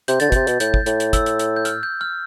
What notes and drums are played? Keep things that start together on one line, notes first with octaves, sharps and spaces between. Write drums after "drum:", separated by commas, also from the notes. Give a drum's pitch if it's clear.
C3 G6, drum: hi-hat
D3 A6, drum: hi-hat
B2
C3 G6, drum: kick, hi-hat
B2, drum: hi-hat
A2 G6, drum: hi-hat
drum: kick
A2, drum: hi-hat
drum: hi-hat
E6, drum: kick, hi-hat
drum: hi-hat
drum: hi-hat
G6
F6, drum: hi-hat
G6
F6